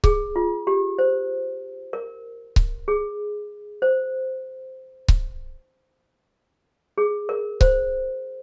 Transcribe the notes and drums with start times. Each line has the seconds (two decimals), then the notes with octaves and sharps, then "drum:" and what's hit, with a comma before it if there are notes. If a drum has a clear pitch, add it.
0.04 G#4, drum: kick C#1
0.36 F4
0.67 G4
0.99 C5
1.93 A#4
2.56 drum: kick C#1
2.88 G#4
3.82 C5
5.08 drum: kick C#1
6.98 G#4
7.29 A#4
7.61 C5, drum: kick C#1